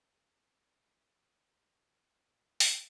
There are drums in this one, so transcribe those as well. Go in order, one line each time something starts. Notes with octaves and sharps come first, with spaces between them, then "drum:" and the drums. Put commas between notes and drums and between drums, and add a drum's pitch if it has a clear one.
E2 G4 E5 A#5
D3 B3 E4 D5 B5 A6
B5 D#6
C#2 D3 G#3 D5 G5 A#6
B3 A#4 C5 E5 G5
A#3 C4
drum: open hi-hat